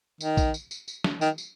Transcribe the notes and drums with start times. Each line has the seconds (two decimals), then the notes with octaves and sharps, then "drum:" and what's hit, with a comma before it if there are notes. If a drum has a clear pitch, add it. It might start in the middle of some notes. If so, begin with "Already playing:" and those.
0.21 D#3, drum: tambourine
0.37 drum: kick, tambourine
0.54 drum: tambourine
0.71 drum: tambourine
0.88 drum: tambourine
1.04 drum: snare
1.21 D#3, drum: tambourine
1.38 drum: tambourine